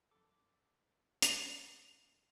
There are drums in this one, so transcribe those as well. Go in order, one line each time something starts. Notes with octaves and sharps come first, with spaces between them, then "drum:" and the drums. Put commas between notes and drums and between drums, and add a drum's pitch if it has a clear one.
F#2 A4 D6
drum: hi-hat